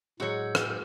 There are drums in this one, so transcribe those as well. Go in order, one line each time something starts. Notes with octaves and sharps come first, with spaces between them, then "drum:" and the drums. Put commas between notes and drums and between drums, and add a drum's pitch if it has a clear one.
A2 F#3 G#3 F#4 C#5 E6 G6
drum: rim click